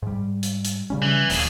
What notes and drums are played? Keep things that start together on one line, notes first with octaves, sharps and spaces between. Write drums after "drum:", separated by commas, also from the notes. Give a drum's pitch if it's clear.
G#2 G3
drum: hi-hat
drum: hi-hat
C#3 G3 C#4
E3
D1 A#2 G#4, drum: open hi-hat